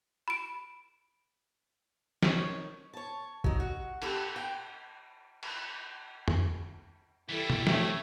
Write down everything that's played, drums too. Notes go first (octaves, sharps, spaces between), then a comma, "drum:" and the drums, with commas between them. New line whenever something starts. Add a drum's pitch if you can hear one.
B5 D7
D#3 C#5, drum: snare
C#5 A5
F#3 D#4, drum: kick A#1
F#4
B3 G4 A4, drum: cymbal
G5
drum: cymbal
drum: tom
E3 G3 E4 A4
drum: tom
A3 C#5, drum: snare